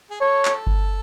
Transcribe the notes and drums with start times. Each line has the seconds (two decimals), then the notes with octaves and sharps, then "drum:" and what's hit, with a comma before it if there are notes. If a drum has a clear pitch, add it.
0.11 G#4
0.21 A4 C#5
0.45 drum: clap
0.67 drum: kick G1